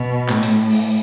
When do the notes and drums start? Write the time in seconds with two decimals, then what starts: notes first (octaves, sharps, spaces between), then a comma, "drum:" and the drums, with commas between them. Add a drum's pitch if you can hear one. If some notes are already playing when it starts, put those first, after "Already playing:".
Already playing: B2
0.29 A2, drum: clap
0.43 drum: hi-hat
0.71 drum: open hi-hat